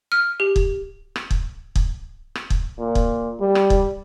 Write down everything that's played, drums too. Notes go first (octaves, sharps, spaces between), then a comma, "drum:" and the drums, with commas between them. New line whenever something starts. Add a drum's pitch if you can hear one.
F6
G4
drum: kick
drum: rim click
drum: kick
drum: kick
drum: rim click
drum: kick
A#2
drum: kick
G3
drum: rim click
drum: kick